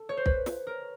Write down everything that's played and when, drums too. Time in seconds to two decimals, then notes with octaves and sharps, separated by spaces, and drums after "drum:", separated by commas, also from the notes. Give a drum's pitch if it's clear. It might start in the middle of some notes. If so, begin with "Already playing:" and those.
Already playing: A4
0.09 C#5
0.17 C5
0.26 B4, drum: kick
0.46 drum: snare
0.67 A#4